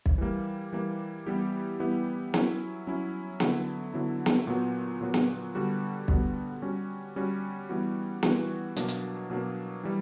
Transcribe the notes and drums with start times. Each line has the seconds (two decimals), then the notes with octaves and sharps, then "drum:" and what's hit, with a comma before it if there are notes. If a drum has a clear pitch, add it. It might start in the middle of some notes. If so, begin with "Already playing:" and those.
0.06 drum: kick
0.18 E3 G3 A#3
0.73 E3 G3 A#3
1.26 E3 G3 B3 E4 G4
1.79 E3 G3 B3 E4 G4
2.34 F#3 C#4 E4, drum: snare
2.87 F#3 C#4 E4
3.40 D3 F#3 B3 E4, drum: snare
3.94 D3 F#3 B3 E4
4.26 drum: snare
4.47 A#2 F#3 B3 F#4
5.01 A#2 F#3 B3 F#4
5.14 drum: snare
5.55 D3 G3 B3 F#4
6.08 D3 G3 B3 F#4, drum: kick
6.62 G3 C#4 F#4
7.16 G3 C#4 F#4
7.69 E3 G3 B3 F#4
8.23 E3 G3 B3 F#4, drum: snare
8.76 B2 F#3 A#3 D4, drum: hi-hat
8.88 drum: hi-hat
9.30 B2 F#3 A#3 D4
9.83 E3 G3